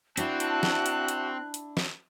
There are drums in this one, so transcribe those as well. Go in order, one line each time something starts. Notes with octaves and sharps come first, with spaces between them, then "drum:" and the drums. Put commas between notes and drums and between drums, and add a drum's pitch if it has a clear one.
C4 D4 E4 F#4 E5 A5 F#6, drum: hi-hat
drum: hi-hat
drum: snare
drum: hi-hat
drum: hi-hat
drum: hi-hat
drum: snare